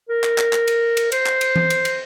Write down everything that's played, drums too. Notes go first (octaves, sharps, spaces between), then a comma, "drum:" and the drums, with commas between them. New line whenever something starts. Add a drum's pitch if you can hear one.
A#4
drum: clap
drum: clap
drum: clap
drum: cymbal
drum: cymbal
C5, drum: cymbal
drum: clap
drum: cymbal
drum: tom E3
drum: cymbal
drum: cymbal